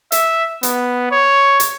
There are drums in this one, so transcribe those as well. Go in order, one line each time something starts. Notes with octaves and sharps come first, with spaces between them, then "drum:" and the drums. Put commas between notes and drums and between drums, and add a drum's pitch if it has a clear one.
E5, drum: hi-hat
B3, drum: hi-hat
C#5
drum: hi-hat